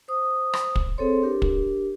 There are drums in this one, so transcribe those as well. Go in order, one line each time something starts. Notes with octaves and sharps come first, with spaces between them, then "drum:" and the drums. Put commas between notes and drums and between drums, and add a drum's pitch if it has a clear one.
C5 D#6
drum: rim click
drum: kick
C4 G#4 A4 C5 C#5 C6
D4 G4 A#4
drum: kick